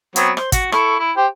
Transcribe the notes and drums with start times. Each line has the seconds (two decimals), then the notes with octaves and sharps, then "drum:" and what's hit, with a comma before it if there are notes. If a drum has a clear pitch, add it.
0.16 F#3 B3 C4, drum: hi-hat
0.37 C5, drum: rim click
0.52 F#4, drum: kick, hi-hat
0.72 E4 A4 C#6, drum: rim click
0.99 E4
1.17 G4 C5 G5